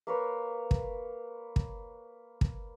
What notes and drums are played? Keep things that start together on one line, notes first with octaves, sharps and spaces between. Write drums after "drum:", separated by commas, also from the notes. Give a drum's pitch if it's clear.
A#3 B4 C#5
drum: kick
drum: kick
drum: kick